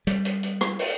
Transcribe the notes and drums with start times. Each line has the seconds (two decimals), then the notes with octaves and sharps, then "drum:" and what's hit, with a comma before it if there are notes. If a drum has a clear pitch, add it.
0.07 G3, drum: hi-hat
0.25 drum: hi-hat
0.43 drum: hi-hat
0.61 drum: rim click
0.79 drum: open hi-hat